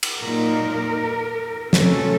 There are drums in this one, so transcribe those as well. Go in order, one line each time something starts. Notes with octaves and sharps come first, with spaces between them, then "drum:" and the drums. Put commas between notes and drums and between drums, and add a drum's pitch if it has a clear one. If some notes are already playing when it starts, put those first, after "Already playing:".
drum: cymbal
A#2 F#3 A#3 D#4 A#4
C3 F#3 A3 C#4 A4, drum: snare